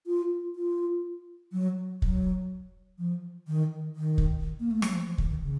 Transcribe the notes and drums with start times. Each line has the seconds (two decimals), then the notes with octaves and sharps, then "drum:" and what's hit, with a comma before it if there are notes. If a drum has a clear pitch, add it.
0.07 F4
0.56 F4
1.53 F#3
2.02 F#3, drum: kick
2.98 F3
3.48 D#3
3.96 D#3
4.18 drum: kick
4.60 A#3
4.71 A3
4.82 F#3, drum: rim click
4.94 F3
5.06 F3
5.18 D#3, drum: kick
5.30 D#3
5.42 C#3